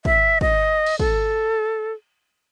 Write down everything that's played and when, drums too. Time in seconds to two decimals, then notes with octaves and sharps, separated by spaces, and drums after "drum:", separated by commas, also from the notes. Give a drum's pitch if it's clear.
0.05 E5, drum: kick
0.41 D#5, drum: kick
0.86 drum: cymbal
0.99 A4, drum: kick